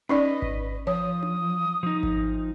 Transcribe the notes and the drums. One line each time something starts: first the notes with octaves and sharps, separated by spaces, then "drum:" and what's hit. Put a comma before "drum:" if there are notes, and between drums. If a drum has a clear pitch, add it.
C#4 D#4 B4 D5 D#5
drum: kick G#1
F3 C#5 D#6
drum: tom D4
F3 D#4
drum: kick G#1